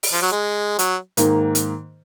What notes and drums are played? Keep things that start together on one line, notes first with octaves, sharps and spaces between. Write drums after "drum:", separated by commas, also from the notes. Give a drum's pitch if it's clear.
drum: open hi-hat
F3
F#3
G#3
F#3, drum: hi-hat
G#2 D#3 A#3, drum: hi-hat
drum: hi-hat